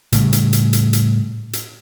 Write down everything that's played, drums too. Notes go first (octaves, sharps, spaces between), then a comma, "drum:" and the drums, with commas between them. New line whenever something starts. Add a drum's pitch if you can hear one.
A2 C#3 G3, drum: hi-hat
drum: hi-hat
drum: hi-hat
drum: hi-hat
drum: hi-hat
drum: hi-hat